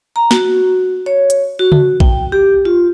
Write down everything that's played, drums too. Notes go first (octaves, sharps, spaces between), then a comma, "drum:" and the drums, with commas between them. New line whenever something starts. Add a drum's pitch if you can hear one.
A#5
F#4, drum: snare
C#5
drum: hi-hat
F#4
drum: tom C#3
G5, drum: kick A#1
G4
F4